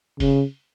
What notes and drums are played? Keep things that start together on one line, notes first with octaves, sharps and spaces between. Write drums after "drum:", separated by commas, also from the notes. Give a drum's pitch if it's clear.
C#3, drum: kick F1, open hi-hat